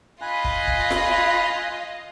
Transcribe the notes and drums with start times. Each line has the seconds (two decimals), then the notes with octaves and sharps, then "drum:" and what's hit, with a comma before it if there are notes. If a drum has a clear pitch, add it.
0.22 F4 D#5 G#5 B5 F#6
0.44 drum: kick
0.67 drum: kick
0.90 drum: snare F4